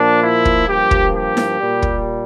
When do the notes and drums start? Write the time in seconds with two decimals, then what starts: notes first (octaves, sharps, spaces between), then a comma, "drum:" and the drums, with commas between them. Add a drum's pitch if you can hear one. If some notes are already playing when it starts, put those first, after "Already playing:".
Already playing: A#2 F3 A#3 D4
0.23 E4
0.45 drum: kick
0.68 G2 F3 A#3 G4
0.91 drum: kick
1.14 G4
1.37 drum: snare E4
1.60 A#2 G3 A#3
1.82 drum: kick